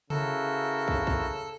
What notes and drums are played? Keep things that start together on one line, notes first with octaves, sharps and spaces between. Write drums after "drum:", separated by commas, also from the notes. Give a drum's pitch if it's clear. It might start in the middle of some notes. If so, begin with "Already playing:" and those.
C#3 E4 F#4 A4 A#4, drum: tom C3
drum: kick
drum: kick